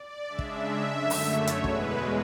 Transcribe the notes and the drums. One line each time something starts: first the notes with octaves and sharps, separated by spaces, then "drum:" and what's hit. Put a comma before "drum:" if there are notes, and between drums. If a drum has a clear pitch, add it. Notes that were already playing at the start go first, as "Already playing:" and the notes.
Already playing: D5
C#3 G#3 D4 E5
drum: kick
F#2 D3 A3
drum: open hi-hat
C#5
drum: hi-hat
E2 B2 G#3 B4, drum: kick